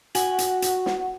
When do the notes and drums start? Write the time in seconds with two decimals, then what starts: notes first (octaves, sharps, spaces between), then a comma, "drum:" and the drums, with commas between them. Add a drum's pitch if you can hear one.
0.15 F#4 F#5 G#5, drum: hi-hat
0.38 drum: hi-hat
0.62 drum: hi-hat
0.86 drum: snare